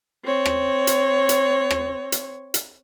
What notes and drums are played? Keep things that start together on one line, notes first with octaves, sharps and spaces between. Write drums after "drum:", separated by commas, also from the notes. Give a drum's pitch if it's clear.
C4 C#5
drum: rim click
drum: hi-hat
drum: hi-hat
drum: rim click
drum: hi-hat
drum: hi-hat